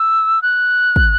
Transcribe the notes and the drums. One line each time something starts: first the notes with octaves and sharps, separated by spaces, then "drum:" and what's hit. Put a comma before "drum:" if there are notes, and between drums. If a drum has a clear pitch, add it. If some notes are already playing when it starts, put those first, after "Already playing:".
Already playing: E6
F#6
drum: kick